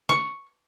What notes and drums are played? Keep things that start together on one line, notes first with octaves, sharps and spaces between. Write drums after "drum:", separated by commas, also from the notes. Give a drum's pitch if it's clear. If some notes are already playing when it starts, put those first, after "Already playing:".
C#6, drum: snare